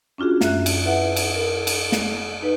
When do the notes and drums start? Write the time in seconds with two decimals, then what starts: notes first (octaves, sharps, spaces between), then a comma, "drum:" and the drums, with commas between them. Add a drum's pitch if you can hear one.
0.18 C#4 D4 F4 F#4 G#4
0.41 F#2 E5 F#6, drum: snare
0.66 drum: cymbal
0.85 E4 B4 E5 F#5
1.16 drum: cymbal
1.35 A#4
1.67 drum: cymbal
1.92 drum: snare
2.42 D#4 B4